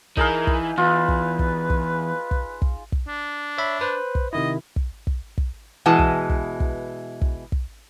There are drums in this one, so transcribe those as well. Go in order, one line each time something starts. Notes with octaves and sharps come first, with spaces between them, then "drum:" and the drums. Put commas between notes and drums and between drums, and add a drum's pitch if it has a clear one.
E3 D#4 G#4 A#4 F5, drum: kick
drum: kick
E2 F4 B4
drum: kick
drum: kick
drum: kick
drum: kick
drum: kick
drum: kick
D4
C#5 E5 B5
B4 C5
drum: kick
C3 D#3 E4 D#5
drum: kick
drum: kick
drum: kick
B2 E3 G#3 A5
drum: kick
drum: kick
drum: kick
drum: kick
drum: kick